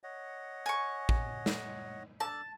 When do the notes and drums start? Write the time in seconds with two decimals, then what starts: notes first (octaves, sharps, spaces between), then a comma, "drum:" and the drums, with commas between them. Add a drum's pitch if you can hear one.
0.04 C#5 D#5 F#5
0.66 G#5 C#6
1.09 drum: kick A1
1.46 drum: snare
2.20 D4 A4 D5 A5